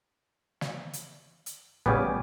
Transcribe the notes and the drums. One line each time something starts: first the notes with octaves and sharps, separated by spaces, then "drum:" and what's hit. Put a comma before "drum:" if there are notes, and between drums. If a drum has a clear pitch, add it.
drum: snare
drum: hi-hat
drum: hi-hat
A2 C#3 G3 B3 G#5 D6, drum: kick